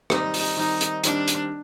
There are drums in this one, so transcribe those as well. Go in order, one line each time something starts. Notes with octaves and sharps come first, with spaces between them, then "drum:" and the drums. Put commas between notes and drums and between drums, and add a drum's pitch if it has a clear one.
D#3 G3 C4 D#4, drum: rim click
drum: open hi-hat
D#3 G3 C4 D#4
drum: hi-hat
D#3 G3 C4 D4, drum: hi-hat
drum: hi-hat